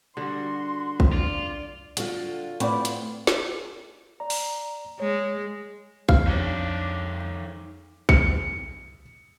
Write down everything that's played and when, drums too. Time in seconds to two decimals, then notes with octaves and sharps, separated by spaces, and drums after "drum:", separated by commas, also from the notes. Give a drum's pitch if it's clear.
0.17 D3 G3 F#4 C6
1.00 drum: kick
1.13 F4 D5
1.97 D3 F4 F#4 A4, drum: hi-hat
2.60 A2 B3 C4 E4 F#4 C#5 D5, drum: hi-hat
2.85 drum: hi-hat
3.27 drum: snare
4.20 D5 A#5
4.30 drum: open hi-hat
5.00 G#3 C#5
6.09 F2 F5, drum: kick
6.27 F3 D4 D#4 C#5
8.09 C#7, drum: kick